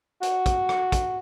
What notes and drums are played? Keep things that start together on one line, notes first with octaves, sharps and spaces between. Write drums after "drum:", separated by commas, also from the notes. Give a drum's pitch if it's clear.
F#4, drum: hi-hat
drum: kick, hi-hat
drum: rim click
drum: kick, hi-hat